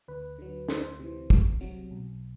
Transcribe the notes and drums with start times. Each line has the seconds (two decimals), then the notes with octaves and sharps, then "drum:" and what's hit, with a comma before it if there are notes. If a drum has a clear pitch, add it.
0.08 D2 B4
0.38 D3 F#3
0.68 D2 C5, drum: snare
0.99 C3 E3
1.30 C2, drum: kick
1.61 C3 F#3, drum: tambourine
1.91 B1